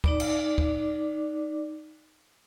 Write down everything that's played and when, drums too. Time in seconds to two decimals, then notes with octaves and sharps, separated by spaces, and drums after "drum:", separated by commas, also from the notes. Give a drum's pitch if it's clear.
0.04 D#4 D5 D6, drum: kick
0.20 drum: cymbal
0.58 drum: kick